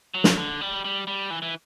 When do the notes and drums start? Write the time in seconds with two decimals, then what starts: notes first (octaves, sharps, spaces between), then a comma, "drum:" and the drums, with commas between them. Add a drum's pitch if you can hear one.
0.14 F#3
0.24 drum: snare
0.37 D3
0.61 G3
0.85 G3
1.07 G3
1.30 E3
1.42 E3